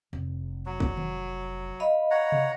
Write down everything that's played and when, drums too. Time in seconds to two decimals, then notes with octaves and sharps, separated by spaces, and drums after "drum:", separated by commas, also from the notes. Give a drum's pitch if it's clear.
0.13 F1
0.66 F#3
0.80 drum: kick A1
0.97 drum: tom D#3
1.80 D#5 F5 B5
2.11 C#5 F#5 A#5
2.32 drum: tom C3